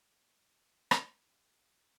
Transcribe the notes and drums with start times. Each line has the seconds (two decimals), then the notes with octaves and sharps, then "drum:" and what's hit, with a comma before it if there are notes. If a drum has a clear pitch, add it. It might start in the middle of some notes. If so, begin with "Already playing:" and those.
0.91 drum: rim click
1.23 C#4 B4 D#6